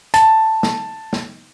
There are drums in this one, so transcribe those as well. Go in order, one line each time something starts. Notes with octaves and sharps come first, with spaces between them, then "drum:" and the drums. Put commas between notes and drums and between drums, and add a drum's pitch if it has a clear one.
A5, drum: hi-hat
drum: snare
drum: snare